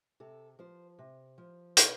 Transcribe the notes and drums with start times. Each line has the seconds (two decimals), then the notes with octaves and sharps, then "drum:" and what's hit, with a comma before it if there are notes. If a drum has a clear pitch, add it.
0.20 C3 A4
0.59 F3 C5
0.99 C3
1.38 F3
1.77 B2 B4, drum: hi-hat